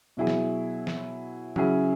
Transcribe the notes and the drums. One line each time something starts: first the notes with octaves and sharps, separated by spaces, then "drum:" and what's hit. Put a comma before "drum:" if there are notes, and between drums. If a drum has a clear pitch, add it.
B2 F#3 E4 G#4
drum: snare
drum: snare
C#3 F#3 C#4 E4 G#4, drum: tom